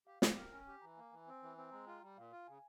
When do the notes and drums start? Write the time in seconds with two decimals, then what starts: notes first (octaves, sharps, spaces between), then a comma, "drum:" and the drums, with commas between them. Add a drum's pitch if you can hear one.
0.07 G4 F5
0.22 G4 G5, drum: snare
0.37 A#4 G5
0.52 C#4 G#5
0.67 G4 G#5
0.82 E3 A#5
0.97 A#3 G#5
1.12 E3 G#5
1.27 C4 G#5
1.42 E3 G#5
1.58 C4
1.72 G#3 A#5
1.87 F4 G5
2.02 G3
2.17 A#2 F5
2.32 F4
2.48 C#3 G#5